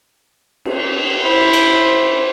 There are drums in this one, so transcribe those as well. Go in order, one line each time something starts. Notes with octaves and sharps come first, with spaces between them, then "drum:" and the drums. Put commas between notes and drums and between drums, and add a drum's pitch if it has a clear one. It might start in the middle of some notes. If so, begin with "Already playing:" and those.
drum: cymbal
E4 C5
drum: cymbal